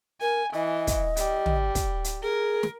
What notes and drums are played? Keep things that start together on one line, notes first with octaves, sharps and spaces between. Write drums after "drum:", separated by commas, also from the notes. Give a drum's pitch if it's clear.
A#4 G#5
E3 D#5
drum: kick, hi-hat
G3, drum: hi-hat
drum: tom
drum: kick, hi-hat
drum: hi-hat
G#4 A#4
drum: snare